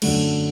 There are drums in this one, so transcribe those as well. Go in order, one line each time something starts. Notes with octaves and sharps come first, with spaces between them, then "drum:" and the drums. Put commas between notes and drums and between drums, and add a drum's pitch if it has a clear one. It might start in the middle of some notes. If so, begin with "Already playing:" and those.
F#2 D3 A3, drum: cymbal